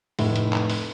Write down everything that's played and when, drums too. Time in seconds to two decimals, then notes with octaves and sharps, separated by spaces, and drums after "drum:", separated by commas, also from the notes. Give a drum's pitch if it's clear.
0.19 F1 A2, drum: open hi-hat
0.36 drum: hi-hat
0.53 drum: clap
0.70 drum: open hi-hat